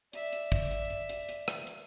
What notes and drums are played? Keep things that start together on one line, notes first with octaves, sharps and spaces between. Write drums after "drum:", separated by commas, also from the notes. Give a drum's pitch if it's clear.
D5 E5, drum: hi-hat
drum: hi-hat
drum: kick, hi-hat
drum: hi-hat
drum: hi-hat
drum: hi-hat
drum: hi-hat
drum: rim click
drum: hi-hat